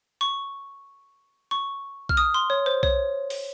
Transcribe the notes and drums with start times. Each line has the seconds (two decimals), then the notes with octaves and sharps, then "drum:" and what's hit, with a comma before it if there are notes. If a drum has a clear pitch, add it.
0.21 C#6
1.51 C#6
2.09 F6, drum: kick B1
2.17 D#6
2.34 C6
2.50 C#5
2.66 C5
2.83 C#5, drum: kick B1
3.30 drum: open hi-hat